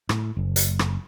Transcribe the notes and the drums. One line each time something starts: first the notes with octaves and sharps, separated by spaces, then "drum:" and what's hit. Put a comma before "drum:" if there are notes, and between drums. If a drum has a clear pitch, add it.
A2, drum: rim click
F#1
drum: hi-hat
drum: rim click